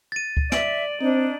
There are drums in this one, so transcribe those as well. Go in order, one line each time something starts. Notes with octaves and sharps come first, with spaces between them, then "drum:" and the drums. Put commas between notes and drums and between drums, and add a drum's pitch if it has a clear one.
A6 D#7
drum: kick C#2
D5 E5 D7 F#7, drum: snare
C4 D4 D#4